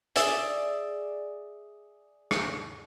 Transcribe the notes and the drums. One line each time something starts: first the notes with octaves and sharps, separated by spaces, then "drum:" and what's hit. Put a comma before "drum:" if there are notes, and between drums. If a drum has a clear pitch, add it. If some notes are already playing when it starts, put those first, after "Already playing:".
G#4 D5 E5, drum: hi-hat
drum: rim click